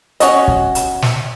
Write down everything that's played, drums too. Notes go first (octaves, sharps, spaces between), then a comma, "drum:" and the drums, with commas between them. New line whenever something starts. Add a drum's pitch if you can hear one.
C#4 F#4 D#5, drum: hi-hat
drum: kick
drum: hi-hat
drum: snare